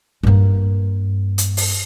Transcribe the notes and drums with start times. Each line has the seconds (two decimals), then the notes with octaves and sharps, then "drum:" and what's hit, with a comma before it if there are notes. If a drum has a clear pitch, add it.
0.23 G2 A#3
1.38 drum: hi-hat
1.57 drum: open hi-hat